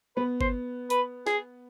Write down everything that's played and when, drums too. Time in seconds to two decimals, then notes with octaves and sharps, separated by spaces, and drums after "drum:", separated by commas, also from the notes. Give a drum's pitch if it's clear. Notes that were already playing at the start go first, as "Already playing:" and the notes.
0.16 B3 B4
0.41 C5, drum: kick G1
0.90 B4, drum: hi-hat
1.27 G#4, drum: snare